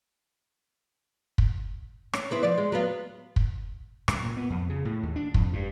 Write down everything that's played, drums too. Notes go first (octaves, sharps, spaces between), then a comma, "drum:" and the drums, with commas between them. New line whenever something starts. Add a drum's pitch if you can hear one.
drum: kick
C#4, drum: rim click
B3 C4 E4
F3 D5
G#3
F#3 B3 F4
drum: kick
F#2, drum: rim click
A#2
B3
F2
C#3
A2
D#2
D4
F2, drum: kick
G2